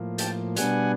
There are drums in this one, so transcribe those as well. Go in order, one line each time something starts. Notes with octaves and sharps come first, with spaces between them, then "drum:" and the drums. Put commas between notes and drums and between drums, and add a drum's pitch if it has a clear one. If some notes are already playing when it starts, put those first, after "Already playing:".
Already playing: A2 F3 A#3
G5 A5, drum: hi-hat
B2 G3 B3 D4 F#5 G#5, drum: hi-hat